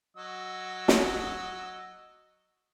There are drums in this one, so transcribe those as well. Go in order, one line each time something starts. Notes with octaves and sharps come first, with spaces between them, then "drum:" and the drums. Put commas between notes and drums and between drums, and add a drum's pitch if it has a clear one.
F#3 D#5 E6
drum: snare